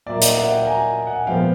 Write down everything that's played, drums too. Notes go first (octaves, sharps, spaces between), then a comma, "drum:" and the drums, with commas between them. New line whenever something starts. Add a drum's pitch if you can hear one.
A#2 F#3 A#3 D5 E5
D#5 F5, drum: hi-hat
E5 F#5
F5 G5
G#5 A#5
F#5 G#5
A#2 F3 G#3 B3 F5 G5